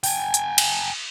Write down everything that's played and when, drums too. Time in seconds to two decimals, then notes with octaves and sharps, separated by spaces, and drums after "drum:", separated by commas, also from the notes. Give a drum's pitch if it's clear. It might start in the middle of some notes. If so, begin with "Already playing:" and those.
0.04 G5 G#5, drum: open hi-hat
0.34 drum: hi-hat
0.58 drum: cymbal